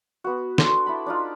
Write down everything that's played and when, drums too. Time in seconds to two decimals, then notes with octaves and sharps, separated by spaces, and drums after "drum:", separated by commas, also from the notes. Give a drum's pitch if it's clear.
0.24 B3 F#4
0.58 D4 A4 C6 D6, drum: snare
0.86 E4 A5 B5
1.06 D4 D#4 F4